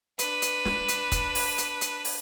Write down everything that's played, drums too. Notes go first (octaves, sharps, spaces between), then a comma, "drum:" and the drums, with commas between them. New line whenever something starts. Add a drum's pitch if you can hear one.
D4 B4, drum: hi-hat
drum: hi-hat
drum: snare
drum: hi-hat
drum: kick, hi-hat
drum: open hi-hat
drum: hi-hat
drum: hi-hat
drum: open hi-hat